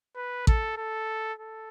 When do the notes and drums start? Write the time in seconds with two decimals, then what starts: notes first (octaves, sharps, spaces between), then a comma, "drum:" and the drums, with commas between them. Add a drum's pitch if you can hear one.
0.16 B4
0.47 A4, drum: kick A1
0.77 A4
1.39 A4